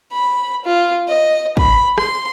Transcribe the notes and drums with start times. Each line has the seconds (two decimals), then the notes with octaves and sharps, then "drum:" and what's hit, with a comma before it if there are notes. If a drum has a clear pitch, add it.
0.12 B5
0.65 F4
1.08 D#5
1.57 B5, drum: kick
1.98 C6, drum: rim click